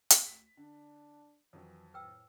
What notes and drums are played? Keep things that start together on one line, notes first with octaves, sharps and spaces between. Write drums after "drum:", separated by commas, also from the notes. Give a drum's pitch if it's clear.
drum: hi-hat
D2 B6
D3 D4
F2 D#3 E3 F#3
A2 B4 G5 E6